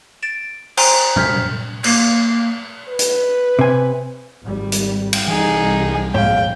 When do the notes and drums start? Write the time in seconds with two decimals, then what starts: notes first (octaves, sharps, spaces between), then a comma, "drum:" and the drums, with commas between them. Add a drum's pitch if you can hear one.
0.23 A6 D7 E7
0.77 C5 G5 G#5 A#5 C6, drum: cymbal
1.16 F6 G6 B6, drum: tom
1.84 A#3, drum: cymbal
2.89 B4
2.99 drum: hi-hat
3.59 C3 G#5
4.42 G#1 G3
4.72 drum: hi-hat
5.13 drum: cymbal
5.28 C2 E3 G3 D#4 G#4
6.14 C#5 F5 G5, drum: tom G#2